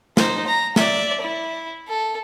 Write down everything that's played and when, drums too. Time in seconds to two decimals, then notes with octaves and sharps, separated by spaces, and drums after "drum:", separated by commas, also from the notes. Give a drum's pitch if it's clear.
0.17 D#4 C5, drum: snare
0.47 A#5
0.76 D5 E5, drum: snare
1.21 E4
1.88 A4